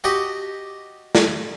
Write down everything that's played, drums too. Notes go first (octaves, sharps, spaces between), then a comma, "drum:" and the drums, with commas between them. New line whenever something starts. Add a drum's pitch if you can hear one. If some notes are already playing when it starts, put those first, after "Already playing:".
F#4 G4 D#5 F#5 A5
drum: snare